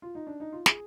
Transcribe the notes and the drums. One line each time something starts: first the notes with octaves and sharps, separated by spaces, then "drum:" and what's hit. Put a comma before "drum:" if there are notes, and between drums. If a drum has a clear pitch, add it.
F4
D#4
D4
D#4
F4
G#4, drum: snare